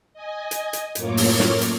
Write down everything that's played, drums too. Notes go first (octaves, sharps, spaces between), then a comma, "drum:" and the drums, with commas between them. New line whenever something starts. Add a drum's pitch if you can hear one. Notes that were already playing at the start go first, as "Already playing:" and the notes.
D#5 G#5
drum: hi-hat
drum: hi-hat
F#2 A2 A#3 F4 C#5 D6, drum: hi-hat
drum: open hi-hat
drum: snare
drum: hi-hat